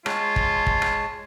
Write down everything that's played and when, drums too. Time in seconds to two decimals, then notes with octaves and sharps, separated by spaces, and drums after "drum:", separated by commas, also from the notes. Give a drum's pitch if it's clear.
0.06 G#3 F4 C#5 A5, drum: rim click
0.36 drum: kick
0.67 drum: kick
0.82 drum: rim click